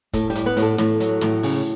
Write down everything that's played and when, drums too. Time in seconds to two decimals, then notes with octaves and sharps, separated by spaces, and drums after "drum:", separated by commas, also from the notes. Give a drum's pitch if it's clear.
0.13 A2 A3 A4, drum: kick, hi-hat
0.30 G3 G4
0.35 A2, drum: hi-hat
0.46 B3 B4
0.57 A2, drum: hi-hat
0.62 A3 A4
0.78 A2, drum: snare
1.00 F#3, drum: hi-hat
1.21 A2, drum: snare
1.43 C#3, drum: open hi-hat